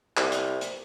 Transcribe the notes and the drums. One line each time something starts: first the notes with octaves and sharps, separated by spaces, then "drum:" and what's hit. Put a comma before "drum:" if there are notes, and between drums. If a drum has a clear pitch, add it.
C2, drum: clap
drum: hi-hat
drum: hi-hat